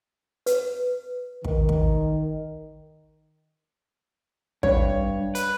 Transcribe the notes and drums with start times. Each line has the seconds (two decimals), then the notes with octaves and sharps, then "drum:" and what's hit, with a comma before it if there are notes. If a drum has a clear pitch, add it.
0.46 B4, drum: hi-hat
1.45 D#3, drum: kick
1.69 drum: kick
4.63 G2 C#5, drum: kick
5.35 B4, drum: hi-hat